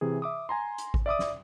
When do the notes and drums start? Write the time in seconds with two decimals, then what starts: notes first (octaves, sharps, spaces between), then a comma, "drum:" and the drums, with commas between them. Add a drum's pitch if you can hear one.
0.01 C3 E3 G#4
0.22 E5 D6 D#6
0.49 G#5 A#5 C6
0.78 drum: hi-hat
0.94 drum: kick G#1
1.06 D5 E5 D6 D#6
1.19 drum: snare